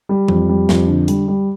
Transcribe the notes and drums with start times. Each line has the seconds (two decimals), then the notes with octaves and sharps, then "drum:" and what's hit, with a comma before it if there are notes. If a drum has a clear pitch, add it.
0.09 G3
0.28 F2, drum: tom E3
0.49 G3
0.69 F2, drum: snare
0.88 D3
1.08 G3, drum: hi-hat
1.28 G3